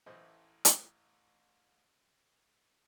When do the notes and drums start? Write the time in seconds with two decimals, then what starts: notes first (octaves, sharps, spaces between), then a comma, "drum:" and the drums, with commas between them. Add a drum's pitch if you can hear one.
0.06 A1 A2 E3 C5 D#5
0.65 drum: hi-hat